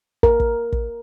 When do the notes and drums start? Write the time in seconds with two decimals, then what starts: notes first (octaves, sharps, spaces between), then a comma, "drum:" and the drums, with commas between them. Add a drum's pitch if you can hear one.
0.23 A#4, drum: kick
0.40 drum: kick
0.72 drum: kick